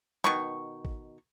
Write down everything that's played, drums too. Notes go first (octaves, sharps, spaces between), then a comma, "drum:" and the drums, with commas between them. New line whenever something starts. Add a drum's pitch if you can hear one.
B2 D#3 C#6, drum: snare
drum: kick A1